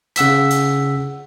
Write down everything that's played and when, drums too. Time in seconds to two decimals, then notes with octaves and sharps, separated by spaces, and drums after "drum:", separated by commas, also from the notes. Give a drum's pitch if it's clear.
0.16 C#3 F#5 E6 B6, drum: hi-hat
0.51 drum: hi-hat